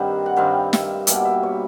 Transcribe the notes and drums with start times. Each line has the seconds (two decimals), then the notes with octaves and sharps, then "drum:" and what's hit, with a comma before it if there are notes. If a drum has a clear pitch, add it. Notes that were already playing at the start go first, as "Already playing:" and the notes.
Already playing: G2 D#3 G3 C4 F#5
0.26 F#5
0.36 G2 D#3 G3 C4 F5
0.73 E5, drum: snare
1.07 B2 G3 A#3 E5, drum: hi-hat
1.25 E5
1.43 C#5